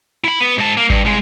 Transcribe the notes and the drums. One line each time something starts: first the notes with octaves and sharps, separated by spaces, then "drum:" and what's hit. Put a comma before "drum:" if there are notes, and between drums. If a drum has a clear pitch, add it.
E4 B5
B3
G#2 A5
A#3
G2, drum: kick G#1
C2 G#3